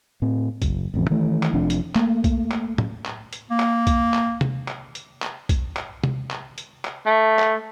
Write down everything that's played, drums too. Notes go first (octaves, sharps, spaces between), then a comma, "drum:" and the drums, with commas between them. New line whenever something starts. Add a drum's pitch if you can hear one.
A2 C4
F#1, drum: kick B1, hi-hat
A1 F2 C#3
D#3 E3 A3
drum: clap
F1 C3 F3 D4
drum: hi-hat
A3 A#3, drum: clap
drum: kick B1, hi-hat
drum: clap
drum: tom
drum: clap
drum: hi-hat
A#3
drum: clap
drum: kick B1, hi-hat
drum: clap
drum: tom C3
drum: clap
drum: hi-hat
drum: clap
drum: kick B1, hi-hat
drum: clap
drum: tom C3
drum: clap
drum: hi-hat
drum: clap
A3
drum: clap